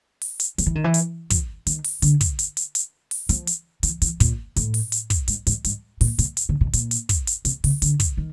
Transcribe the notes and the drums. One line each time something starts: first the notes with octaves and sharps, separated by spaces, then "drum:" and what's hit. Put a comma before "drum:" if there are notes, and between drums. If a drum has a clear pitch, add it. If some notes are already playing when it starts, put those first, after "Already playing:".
drum: open hi-hat
drum: hi-hat
F3, drum: hi-hat
E3
D#3
E3
drum: hi-hat
F3, drum: kick, hi-hat
D#3, drum: hi-hat
drum: open hi-hat
D3, drum: hi-hat
drum: kick, hi-hat
drum: hi-hat
drum: hi-hat
drum: hi-hat
drum: open hi-hat
F3, drum: hi-hat
drum: hi-hat
E3, drum: hi-hat
E3, drum: hi-hat
A#2, drum: kick, hi-hat
A2, drum: hi-hat
drum: open hi-hat
drum: hi-hat
drum: kick, hi-hat
G#2, drum: hi-hat
G#2, drum: hi-hat
G#2, drum: hi-hat
A#2, drum: open hi-hat
B2, drum: hi-hat
drum: hi-hat
D3
B2
A#2, drum: hi-hat
drum: hi-hat
drum: kick, hi-hat
drum: hi-hat
C3, drum: hi-hat
C#3, drum: open hi-hat
D3, drum: hi-hat
drum: kick, hi-hat
D#3